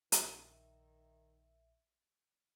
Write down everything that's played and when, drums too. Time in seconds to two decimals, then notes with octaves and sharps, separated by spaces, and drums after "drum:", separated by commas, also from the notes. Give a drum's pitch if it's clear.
0.12 A#1 D#3 E5, drum: hi-hat